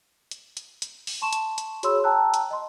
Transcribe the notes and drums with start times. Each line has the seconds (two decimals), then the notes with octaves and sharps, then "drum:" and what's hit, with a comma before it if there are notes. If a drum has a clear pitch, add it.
0.31 drum: hi-hat
0.57 drum: hi-hat
0.82 drum: hi-hat
1.07 drum: open hi-hat
1.22 A5 C6 C#6 E7
1.33 drum: hi-hat
1.58 drum: hi-hat
1.83 F#4 G#4 C#5 B5 C6 E6, drum: hi-hat
2.04 G5 A5 A#5 E6 F#6
2.34 drum: hi-hat
2.51 D#5 C6